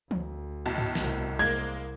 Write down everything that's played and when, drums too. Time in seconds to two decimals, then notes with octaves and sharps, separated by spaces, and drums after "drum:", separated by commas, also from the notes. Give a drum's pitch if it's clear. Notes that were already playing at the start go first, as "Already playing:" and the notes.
0.11 D2, drum: tom E3
0.66 B1 A2 A5
0.78 drum: tom G2
0.95 C2, drum: snare
1.39 G#3 A#3 G#6